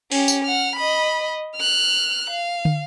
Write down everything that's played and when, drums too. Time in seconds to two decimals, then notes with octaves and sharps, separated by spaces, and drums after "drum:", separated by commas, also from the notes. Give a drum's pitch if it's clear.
0.12 C#4 G4, drum: open hi-hat
0.28 drum: tambourine
0.44 F#5 F6
0.75 D#5 B5
1.56 F6 F#6
2.30 F5
2.65 drum: tom